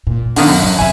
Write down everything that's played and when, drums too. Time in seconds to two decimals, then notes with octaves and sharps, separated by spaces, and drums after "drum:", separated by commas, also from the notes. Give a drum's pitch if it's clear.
0.07 A#2
0.36 D3 D#3 B3, drum: open hi-hat
0.48 F#2
0.63 G2 F#3
0.79 E2 C3 E5 G#5